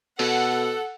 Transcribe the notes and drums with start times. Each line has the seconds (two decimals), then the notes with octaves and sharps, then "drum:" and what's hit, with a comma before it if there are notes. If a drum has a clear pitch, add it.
0.19 B2 A4 F#5, drum: open hi-hat